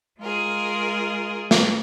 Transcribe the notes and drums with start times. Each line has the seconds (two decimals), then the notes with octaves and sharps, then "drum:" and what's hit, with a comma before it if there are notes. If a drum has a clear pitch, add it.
0.19 G#3 F4 G#4 A#4
1.51 drum: snare